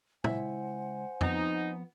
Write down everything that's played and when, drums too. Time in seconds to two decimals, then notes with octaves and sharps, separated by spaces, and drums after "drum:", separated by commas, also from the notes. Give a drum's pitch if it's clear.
0.24 C#2 E4 C5 E5 F#5 G#5, drum: tom
1.21 F3 B3 C4 D#4, drum: tom